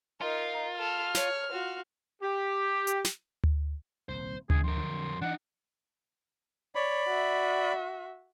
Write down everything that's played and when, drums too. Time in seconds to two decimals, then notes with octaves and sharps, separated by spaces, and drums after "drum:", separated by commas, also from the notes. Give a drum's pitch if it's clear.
0.21 D#4 F4 A#4
0.79 A4 F6
1.15 C#5, drum: snare
1.51 F4 F#4
2.22 G4
2.87 drum: hi-hat
3.05 drum: snare
3.44 drum: tom D2
4.09 D#1 C2 C5
4.50 G#1 C#2 D4 G#4, drum: tom D2
4.64 F2 A#4 C6
4.77 D3 F#3
5.21 E3 D4 D#4 F#5
6.75 C#5 D5 B5
7.08 F#4 E5